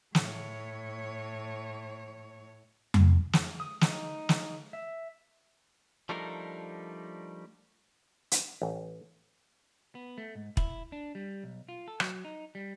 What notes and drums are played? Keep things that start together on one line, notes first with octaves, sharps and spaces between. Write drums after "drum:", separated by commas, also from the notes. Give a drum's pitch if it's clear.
A2 C#5, drum: snare
drum: tom F2
drum: snare
D#6
D#4, drum: snare
drum: snare
E5
F3 G3 A3 D4 D#4 A#4
drum: hi-hat
A1
B3
A3
G#2
E4, drum: kick
D4
G3
B1
F4
A4
F#3, drum: rim click
D#4
G3